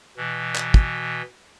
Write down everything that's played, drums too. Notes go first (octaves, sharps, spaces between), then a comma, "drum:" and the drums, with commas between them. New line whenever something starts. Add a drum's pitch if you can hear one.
B2 E3
drum: clap
drum: kick